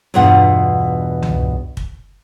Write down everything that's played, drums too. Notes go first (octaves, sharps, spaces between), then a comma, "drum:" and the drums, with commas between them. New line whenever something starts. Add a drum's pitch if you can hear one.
E2 G2 B2 F4 F#5
drum: tom
drum: kick